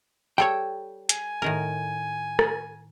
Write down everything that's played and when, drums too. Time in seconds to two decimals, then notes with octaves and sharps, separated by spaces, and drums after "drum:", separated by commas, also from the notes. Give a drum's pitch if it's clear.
0.38 G3 A4 C#5 G5
1.09 G#5, drum: hi-hat
1.42 A2 D#3 A#4
2.39 drum: rim click